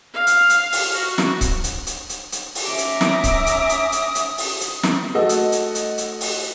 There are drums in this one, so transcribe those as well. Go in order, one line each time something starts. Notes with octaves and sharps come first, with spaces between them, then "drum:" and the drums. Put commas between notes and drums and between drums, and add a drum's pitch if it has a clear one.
F5
drum: hi-hat
drum: hi-hat
drum: open hi-hat
F#4
drum: snare
drum: kick C#1, hi-hat
drum: hi-hat
drum: hi-hat
drum: hi-hat
drum: hi-hat
drum: open hi-hat
C#4 E5 A#5 D6
drum: hi-hat
D#6, drum: snare
drum: kick C#1, hi-hat
drum: hi-hat
drum: hi-hat
drum: hi-hat
drum: hi-hat
drum: open hi-hat
drum: hi-hat
drum: snare
A3 F#4 D#5 E6
drum: hi-hat
drum: hi-hat
drum: hi-hat
drum: hi-hat
drum: open hi-hat